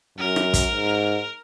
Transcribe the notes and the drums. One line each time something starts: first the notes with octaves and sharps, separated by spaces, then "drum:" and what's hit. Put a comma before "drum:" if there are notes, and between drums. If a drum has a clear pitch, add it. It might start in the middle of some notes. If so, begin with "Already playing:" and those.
F#2 A#4
drum: rim click
drum: kick, hi-hat
G#2